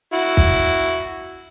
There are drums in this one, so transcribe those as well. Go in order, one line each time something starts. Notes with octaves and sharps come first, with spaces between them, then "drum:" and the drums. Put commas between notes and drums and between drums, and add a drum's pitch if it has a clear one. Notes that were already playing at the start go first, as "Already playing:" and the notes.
E4 F#4
drum: kick